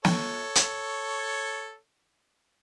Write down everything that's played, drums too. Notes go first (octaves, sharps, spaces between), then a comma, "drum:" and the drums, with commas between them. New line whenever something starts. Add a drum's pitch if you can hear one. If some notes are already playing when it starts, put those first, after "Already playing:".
A4 C#5, drum: snare
drum: hi-hat